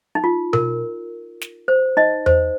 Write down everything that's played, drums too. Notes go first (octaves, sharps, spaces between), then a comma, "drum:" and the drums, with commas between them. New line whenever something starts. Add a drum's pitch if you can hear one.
D#4
F4
A#4, drum: tom B2
drum: snare
C5
D#4 D#5
C5, drum: tom E2